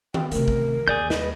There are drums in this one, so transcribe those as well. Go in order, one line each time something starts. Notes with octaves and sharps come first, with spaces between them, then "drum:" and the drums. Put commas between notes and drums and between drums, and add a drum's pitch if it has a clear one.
G5, drum: tom D#3
C3 A3 A#4, drum: hi-hat
drum: kick
D#2 G#4 D5 G6
B4 D#5, drum: snare